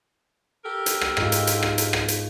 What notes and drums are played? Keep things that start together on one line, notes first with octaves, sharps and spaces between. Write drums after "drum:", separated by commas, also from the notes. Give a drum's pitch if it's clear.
G4 A4 A#4
drum: hi-hat
drum: rim click
G#2 F4, drum: rim click
drum: hi-hat
drum: hi-hat
drum: rim click
drum: hi-hat
drum: rim click
drum: hi-hat